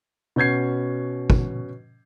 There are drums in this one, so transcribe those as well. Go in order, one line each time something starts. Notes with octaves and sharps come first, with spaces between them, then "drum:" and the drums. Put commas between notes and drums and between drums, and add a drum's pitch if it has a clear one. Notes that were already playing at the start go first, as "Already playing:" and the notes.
B2 C#4 G6 G#6 C7
drum: kick